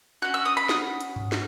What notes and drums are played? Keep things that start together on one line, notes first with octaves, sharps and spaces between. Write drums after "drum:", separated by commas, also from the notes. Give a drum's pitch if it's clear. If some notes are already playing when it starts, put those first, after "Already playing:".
C#4 F#4 F#6
E6
D#6
B5
D#6, drum: snare
drum: hi-hat
drum: tom G2
drum: snare